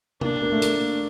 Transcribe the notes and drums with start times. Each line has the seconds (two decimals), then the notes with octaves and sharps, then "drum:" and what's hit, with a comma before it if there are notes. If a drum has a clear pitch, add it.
0.21 A#3 D4, drum: tom C3
0.42 A#3
0.52 A3
0.62 A#3, drum: hi-hat